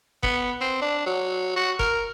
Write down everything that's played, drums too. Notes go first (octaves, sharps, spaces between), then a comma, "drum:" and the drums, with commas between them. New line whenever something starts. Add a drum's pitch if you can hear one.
B3, drum: kick F#1
C4
D4
F#3
F#4
A#4, drum: kick F#1